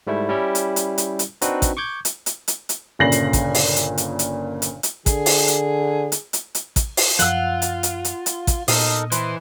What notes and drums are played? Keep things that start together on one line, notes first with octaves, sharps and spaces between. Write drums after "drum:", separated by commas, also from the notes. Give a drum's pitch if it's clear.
G#2 G3 A3 E4
G3 C#4 E4 G4
drum: hi-hat
drum: hi-hat
drum: hi-hat
drum: hi-hat
C4 D4 D#4 F#4 B4, drum: hi-hat
drum: kick A1, hi-hat
C#6 D6 G6 G#6
drum: hi-hat
drum: hi-hat
drum: hi-hat
drum: hi-hat
G1 A#2 C#3 A#6 C7 F#7
drum: hi-hat
drum: kick A1, hi-hat
drum: open hi-hat
drum: hi-hat
drum: hi-hat
drum: hi-hat
drum: hi-hat
drum: hi-hat
D3 G#4, drum: kick A1, hi-hat
drum: open hi-hat
drum: hi-hat
drum: hi-hat
drum: hi-hat
drum: hi-hat
drum: kick A1, hi-hat
drum: open hi-hat
F#2 F3 F4 F#5 E6, drum: hi-hat
drum: hi-hat
drum: hi-hat
drum: hi-hat
drum: hi-hat
drum: kick A1, hi-hat
A#2 B3 D#4 A4 A#4 D#5, drum: open hi-hat
E3 B4 C5 C6, drum: hi-hat